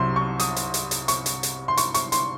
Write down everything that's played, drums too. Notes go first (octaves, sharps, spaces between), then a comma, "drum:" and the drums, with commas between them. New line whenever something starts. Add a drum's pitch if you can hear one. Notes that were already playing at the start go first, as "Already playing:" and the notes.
Already playing: C2 C3 F#3 C6
C#6
D#6, drum: hi-hat
drum: hi-hat
drum: hi-hat
drum: hi-hat
C#6, drum: hi-hat
drum: hi-hat
drum: hi-hat
C6
C#6, drum: hi-hat
C#6, drum: hi-hat
C6, drum: hi-hat